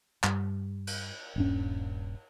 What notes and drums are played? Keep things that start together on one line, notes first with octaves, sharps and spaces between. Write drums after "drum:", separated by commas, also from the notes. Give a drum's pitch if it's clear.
G2, drum: clap
drum: cymbal
D#1 G2 C#4